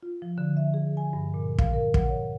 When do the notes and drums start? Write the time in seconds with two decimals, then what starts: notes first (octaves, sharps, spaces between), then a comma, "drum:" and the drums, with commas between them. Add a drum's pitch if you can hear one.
0.03 F4
0.22 F3
0.38 D3
0.57 E5
0.74 G#4
0.97 G#5
1.13 G2
1.34 A#2
1.58 F5, drum: kick
1.73 A#4
1.94 F#5, drum: kick
2.09 C#5